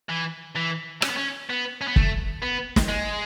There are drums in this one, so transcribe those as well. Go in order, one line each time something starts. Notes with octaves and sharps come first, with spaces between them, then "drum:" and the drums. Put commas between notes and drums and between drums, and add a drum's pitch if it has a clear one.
E3
E3
C#4, drum: rim click
B3
C#4
B3
C#4
B3
A3, drum: kick
B3
drum: snare
G#3